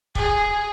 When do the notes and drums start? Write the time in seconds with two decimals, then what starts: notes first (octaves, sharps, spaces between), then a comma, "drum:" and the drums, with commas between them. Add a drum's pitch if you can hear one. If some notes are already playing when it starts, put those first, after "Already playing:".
0.15 G#4, drum: kick